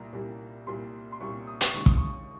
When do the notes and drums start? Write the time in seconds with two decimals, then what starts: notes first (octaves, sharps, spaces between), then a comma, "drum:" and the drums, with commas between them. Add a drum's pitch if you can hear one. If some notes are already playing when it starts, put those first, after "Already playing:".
Already playing: C2 A#2 G3 A#3 A#5
0.13 C2 A#2 G3 A#3
0.67 C2 A#2 G3 C6
1.12 C6
1.20 C2 A#2 G3 C#6
1.47 D#6
1.61 C#6, drum: hi-hat
1.74 D#2 C#3 G#3 C#6
1.86 D#6, drum: kick
1.97 C#6